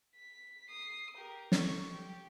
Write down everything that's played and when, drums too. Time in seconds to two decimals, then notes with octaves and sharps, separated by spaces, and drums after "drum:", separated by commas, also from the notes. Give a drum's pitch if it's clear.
0.16 B6
0.70 D#6 C7
1.17 G4 A#4
1.52 A4 C#6, drum: snare
1.92 G4